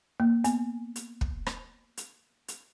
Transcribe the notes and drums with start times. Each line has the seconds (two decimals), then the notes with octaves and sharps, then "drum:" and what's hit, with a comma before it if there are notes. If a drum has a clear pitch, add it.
0.20 A#3
0.44 B3, drum: hi-hat
0.96 drum: hi-hat
1.21 drum: kick
1.47 drum: rim click
1.97 drum: hi-hat
2.48 drum: hi-hat